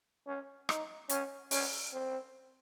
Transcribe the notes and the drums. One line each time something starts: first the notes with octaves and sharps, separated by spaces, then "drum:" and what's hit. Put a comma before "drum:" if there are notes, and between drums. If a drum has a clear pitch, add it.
C#4
D#4, drum: rim click
C#4, drum: hi-hat
C#4, drum: open hi-hat
C4